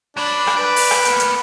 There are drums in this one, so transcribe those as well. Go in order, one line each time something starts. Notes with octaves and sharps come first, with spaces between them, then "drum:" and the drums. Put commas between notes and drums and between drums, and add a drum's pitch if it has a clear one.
F#3 D4 B4
drum: rim click
B4 D5
drum: open hi-hat
drum: rim click
A#3 B3, drum: hi-hat
drum: hi-hat